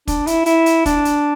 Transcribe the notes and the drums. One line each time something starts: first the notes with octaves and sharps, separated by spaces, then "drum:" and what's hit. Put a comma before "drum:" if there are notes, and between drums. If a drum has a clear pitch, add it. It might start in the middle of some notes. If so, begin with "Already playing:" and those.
D4, drum: kick, hi-hat
E4, drum: hi-hat
E4, drum: hi-hat
drum: hi-hat
D4, drum: kick, hi-hat
drum: hi-hat